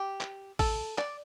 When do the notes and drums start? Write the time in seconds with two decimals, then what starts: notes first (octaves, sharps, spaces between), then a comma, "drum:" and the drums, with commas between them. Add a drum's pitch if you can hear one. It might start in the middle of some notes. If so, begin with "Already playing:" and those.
Already playing: G4
0.21 drum: clap
0.59 A4, drum: kick A1, open hi-hat
0.98 D5, drum: clap